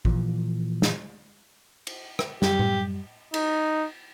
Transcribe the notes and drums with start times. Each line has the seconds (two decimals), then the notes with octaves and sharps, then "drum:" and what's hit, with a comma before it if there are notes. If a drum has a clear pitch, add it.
0.05 A#2 E3 F3, drum: kick A1
0.82 drum: snare
1.87 drum: cymbal
2.19 drum: rim click
2.42 F#2 G3 G4, drum: snare
2.59 drum: tom A2
3.34 D#4, drum: cymbal